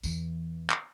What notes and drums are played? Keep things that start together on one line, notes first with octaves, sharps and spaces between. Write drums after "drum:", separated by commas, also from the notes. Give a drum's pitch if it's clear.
E2 E3, drum: tambourine
drum: clap